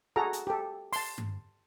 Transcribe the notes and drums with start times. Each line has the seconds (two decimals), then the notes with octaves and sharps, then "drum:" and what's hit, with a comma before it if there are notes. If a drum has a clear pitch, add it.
0.16 F#4 G#4 A4 A#5
0.33 drum: hi-hat
0.47 G4 A4
0.93 A5 C6, drum: open hi-hat
1.18 drum: tom G2